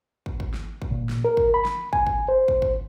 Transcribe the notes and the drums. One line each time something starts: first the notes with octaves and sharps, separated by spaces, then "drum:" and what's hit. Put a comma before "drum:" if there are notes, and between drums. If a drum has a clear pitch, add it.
drum: kick
drum: kick
drum: snare
drum: kick
A#2
drum: snare
A#4
drum: kick
B5
drum: snare
G#5, drum: kick
drum: kick
C5
drum: kick
drum: kick